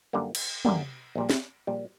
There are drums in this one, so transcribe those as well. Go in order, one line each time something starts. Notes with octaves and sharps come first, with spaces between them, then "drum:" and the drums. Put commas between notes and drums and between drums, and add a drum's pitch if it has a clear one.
F#2 D3 G3 A#3
drum: cymbal
F#2 D3 G3 A#3, drum: tom
A#1 A#2 G3
drum: snare
A#1 A#2 G3